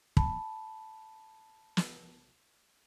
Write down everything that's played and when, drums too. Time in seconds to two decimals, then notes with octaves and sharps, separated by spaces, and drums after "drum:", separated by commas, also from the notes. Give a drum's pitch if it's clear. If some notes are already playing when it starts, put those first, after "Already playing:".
0.17 A5 B5, drum: kick
1.77 drum: snare